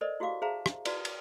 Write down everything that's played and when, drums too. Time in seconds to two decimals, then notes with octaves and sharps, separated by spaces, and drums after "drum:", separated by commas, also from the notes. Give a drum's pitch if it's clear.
0.01 A4 A#4 C5 D5 D#5
0.20 E4 F#4 G4 F5 D6
0.42 G#4 C5 E5 F5 A5 A#5
0.66 drum: rim click
0.85 E4 F#4 B4 D5, drum: cymbal
1.05 drum: cymbal